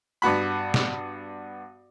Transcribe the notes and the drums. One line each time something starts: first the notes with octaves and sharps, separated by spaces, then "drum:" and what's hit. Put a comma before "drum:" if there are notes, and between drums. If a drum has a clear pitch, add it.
G2 B3 F#4 B5
drum: snare